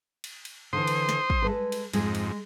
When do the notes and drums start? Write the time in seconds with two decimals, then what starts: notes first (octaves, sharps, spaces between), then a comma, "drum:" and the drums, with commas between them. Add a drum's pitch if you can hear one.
0.24 drum: cymbal
0.45 drum: cymbal
0.73 D3 E3 C5 C6 D#6
0.87 drum: cymbal
1.09 drum: snare
1.30 drum: kick
1.42 G#3 A4 B4
1.72 drum: cymbal
1.93 F2 G#2 G#3 G#4, drum: cymbal
2.15 drum: cymbal